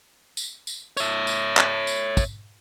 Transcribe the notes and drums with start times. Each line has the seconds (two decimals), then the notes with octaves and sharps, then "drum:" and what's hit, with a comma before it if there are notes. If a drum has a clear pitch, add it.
0.37 drum: tambourine
0.67 drum: tambourine
0.97 C#5 E5, drum: tambourine
1.27 drum: tambourine
1.57 drum: clap
1.87 drum: tambourine
2.17 drum: kick, tambourine